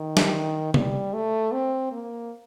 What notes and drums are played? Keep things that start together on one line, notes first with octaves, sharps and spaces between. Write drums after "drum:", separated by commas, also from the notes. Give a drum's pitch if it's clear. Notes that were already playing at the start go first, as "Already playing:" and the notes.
Already playing: D#3
drum: snare
G3, drum: tom C3
A3
C4
A#3